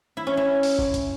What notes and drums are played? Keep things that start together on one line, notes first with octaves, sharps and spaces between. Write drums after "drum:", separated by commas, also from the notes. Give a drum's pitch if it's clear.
E4
C#4
E4
drum: open hi-hat
drum: kick
drum: kick, hi-hat